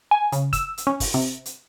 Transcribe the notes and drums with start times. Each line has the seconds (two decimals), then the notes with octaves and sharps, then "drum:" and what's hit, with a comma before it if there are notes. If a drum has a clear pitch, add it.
0.11 G#5
0.32 C#3, drum: hi-hat
0.53 E6, drum: kick, hi-hat
0.78 drum: hi-hat
0.87 C#4
1.00 drum: kick, open hi-hat
1.14 C3
1.46 drum: hi-hat